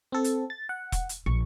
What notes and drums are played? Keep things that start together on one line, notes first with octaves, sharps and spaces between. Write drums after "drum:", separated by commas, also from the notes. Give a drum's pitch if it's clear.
C4 A4
drum: hi-hat
A6
F#5
drum: kick E1, hi-hat
drum: hi-hat
A#1 C#6